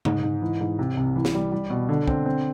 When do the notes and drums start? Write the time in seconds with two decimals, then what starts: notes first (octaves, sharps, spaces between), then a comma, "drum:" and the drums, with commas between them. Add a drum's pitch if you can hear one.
0.05 G#2, drum: tom C#3
0.23 G#2
0.42 E3
0.61 G#2
0.79 C3
0.97 C2
1.16 E3
1.25 drum: snare
1.34 G3
1.52 G3
1.70 B2
1.89 D3
2.08 C4, drum: kick
2.26 C4